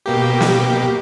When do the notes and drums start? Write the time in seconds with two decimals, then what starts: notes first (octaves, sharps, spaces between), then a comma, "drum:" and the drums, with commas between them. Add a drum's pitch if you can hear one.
0.06 B2 A#3 G4
0.41 drum: snare